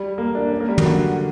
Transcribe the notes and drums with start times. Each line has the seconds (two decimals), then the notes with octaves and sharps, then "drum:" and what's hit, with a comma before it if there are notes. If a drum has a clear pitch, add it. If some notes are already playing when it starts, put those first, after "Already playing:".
Already playing: G3
0.18 A#3
0.35 D4
0.51 C#4
0.60 A#3
0.69 G3
0.78 F#3, drum: tom
0.86 D3